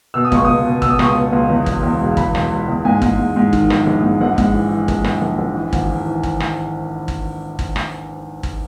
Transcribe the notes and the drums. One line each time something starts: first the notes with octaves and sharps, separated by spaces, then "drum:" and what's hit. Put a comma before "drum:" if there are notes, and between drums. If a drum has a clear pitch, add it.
B2 E6
D#6
C#2 C#6, drum: kick G#1
C#2 D#6
B2
B2 E6, drum: kick G#1
D#6
C#2 C#6, drum: rim click
D#6
B2
C#2
E2
E1, drum: kick G#1
E2
E1
E1 B5, drum: kick G#1
E1, drum: rim click
E1
E2
G#2 G#5
G#2, drum: kick G#1
G#2
G#2
D#3, drum: kick G#1
A#1, drum: rim click
A#1
G#2
A#1 F#5
G#2, drum: kick G#1
E3
E3
A#1, drum: kick G#1
A#1, drum: rim click
A#1
A#1
E3
G#1, drum: kick G#1
G#1
E3
drum: kick G#1
drum: rim click
drum: kick G#1
drum: kick G#1
drum: rim click
drum: kick G#1